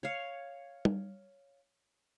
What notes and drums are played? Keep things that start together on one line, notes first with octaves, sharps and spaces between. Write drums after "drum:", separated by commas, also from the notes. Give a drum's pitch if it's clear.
C#5 F5
drum: tom